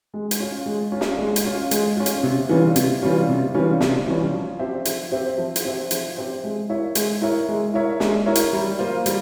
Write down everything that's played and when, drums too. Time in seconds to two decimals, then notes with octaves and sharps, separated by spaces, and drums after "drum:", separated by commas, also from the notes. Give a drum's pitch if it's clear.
0.14 G#3
0.31 drum: hi-hat
0.40 C#4 F4
0.66 G#3
0.92 C#4 F4
1.01 drum: snare
1.18 G#3
1.36 drum: hi-hat
1.45 C#4 F4
1.71 G#3, drum: hi-hat
1.97 C#4 F4
2.06 drum: hi-hat
2.23 C3
2.49 E3 G3 C#4 F4
2.76 C3, drum: hi-hat
3.02 E3 G3 C#4 F4
3.29 C3
3.54 E3 G3 C#4 F4
3.81 C3, drum: snare
4.07 E3 G3 C#4 F4
4.33 F3
4.59 C4 G4 C5 E5
4.85 F3, drum: hi-hat
5.12 C4 G4 C5 E5
5.38 F3
5.56 drum: hi-hat
5.65 C4 G4 C5 E5
5.91 F3, drum: hi-hat
6.17 C4 G4 C5 E5
6.44 G#3
6.69 E4 A#4 C#5 E5
6.95 G#3, drum: hi-hat
7.22 E4 A#4 C#5 E5
7.48 G#3
7.74 E4 A#4 C#5 E5
8.00 G#3, drum: snare
8.26 E4 A#4 C#5 E5
8.35 drum: hi-hat
8.53 G3
8.79 A#3 F4 C5
9.06 G3, drum: hi-hat